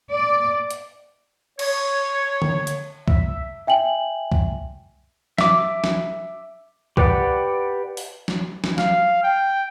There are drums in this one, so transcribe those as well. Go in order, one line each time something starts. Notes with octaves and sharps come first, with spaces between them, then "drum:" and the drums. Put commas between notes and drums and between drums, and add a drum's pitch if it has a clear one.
D5
drum: hi-hat
C#5, drum: cymbal
drum: tom D3
drum: hi-hat
E5, drum: kick C2
E5 G5 G#5 F#7
drum: kick C2
E5 D6, drum: snare
drum: snare
G4 B4 D5 F#5 G5, drum: kick C2
drum: open hi-hat
drum: snare
drum: snare
F5, drum: snare
G5